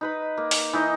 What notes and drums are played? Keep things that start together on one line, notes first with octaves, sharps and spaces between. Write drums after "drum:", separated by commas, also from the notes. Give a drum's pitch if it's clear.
D#4 B4 B5
A#3
drum: open hi-hat
E3 D#4 D#5